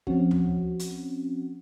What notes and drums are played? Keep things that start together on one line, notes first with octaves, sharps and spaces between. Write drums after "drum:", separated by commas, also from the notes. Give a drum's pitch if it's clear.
F3 C4 C#4 F#4, drum: kick
drum: tom
drum: hi-hat